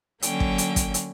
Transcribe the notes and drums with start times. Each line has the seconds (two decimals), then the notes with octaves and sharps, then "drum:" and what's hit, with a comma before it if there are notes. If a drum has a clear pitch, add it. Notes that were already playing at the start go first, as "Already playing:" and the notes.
0.22 D3 F#3 A#3 C#4 G5, drum: hi-hat
0.40 drum: kick
0.58 drum: hi-hat
0.76 drum: kick, hi-hat
0.94 drum: hi-hat